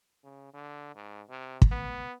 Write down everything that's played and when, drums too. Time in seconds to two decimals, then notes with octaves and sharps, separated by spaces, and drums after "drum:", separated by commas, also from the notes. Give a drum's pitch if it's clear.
0.24 C#3
0.54 D3
0.95 G#2
1.29 C3
1.62 drum: kick
1.71 B3